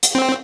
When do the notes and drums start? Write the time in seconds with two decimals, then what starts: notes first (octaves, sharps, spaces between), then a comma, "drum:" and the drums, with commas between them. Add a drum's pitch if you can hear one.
0.03 drum: hi-hat
0.15 C4